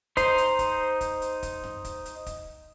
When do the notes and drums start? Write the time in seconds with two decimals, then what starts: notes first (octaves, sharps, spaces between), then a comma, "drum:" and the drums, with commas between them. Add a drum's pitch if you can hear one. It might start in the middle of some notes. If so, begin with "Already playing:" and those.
0.17 D#4 C5 C6, drum: kick, hi-hat
0.38 drum: hi-hat
0.59 drum: kick, hi-hat
1.01 drum: kick, hi-hat
1.22 drum: hi-hat
1.43 drum: kick, hi-hat
1.64 drum: tom F#2
1.85 drum: kick, hi-hat
2.05 drum: hi-hat
2.26 drum: kick, hi-hat